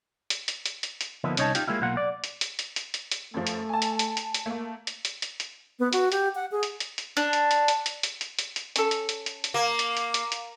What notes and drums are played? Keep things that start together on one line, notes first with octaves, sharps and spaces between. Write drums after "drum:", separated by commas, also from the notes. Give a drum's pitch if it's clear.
drum: hi-hat
drum: hi-hat
drum: hi-hat
drum: hi-hat
drum: hi-hat
D3 F3 A#3 B3 D#4 E4
C2 C#4 D#4 C#5 D#5 A5, drum: hi-hat
D#4 F4 G4, drum: hi-hat
G#3 A#3 E4 F4
B1 A#3 F4 A#4 F#5
D5
drum: hi-hat
drum: hi-hat
drum: hi-hat
drum: hi-hat
drum: hi-hat
drum: hi-hat
F#2 F3 A3
drum: hi-hat
G#5 A5
drum: hi-hat
drum: hi-hat
drum: hi-hat
drum: hi-hat
A3 A#3
drum: hi-hat
drum: hi-hat
drum: hi-hat
drum: hi-hat
B3
F#4, drum: hi-hat
G4, drum: hi-hat
F#5
G#4
drum: hi-hat
drum: hi-hat
drum: hi-hat
D4, drum: hi-hat
drum: hi-hat
drum: hi-hat
drum: hi-hat
drum: hi-hat
drum: hi-hat
drum: hi-hat
drum: hi-hat
drum: hi-hat
C#4 A4, drum: hi-hat
drum: hi-hat
drum: hi-hat
drum: hi-hat
drum: hi-hat
A#3 D6
drum: hi-hat
drum: hi-hat
drum: hi-hat
drum: hi-hat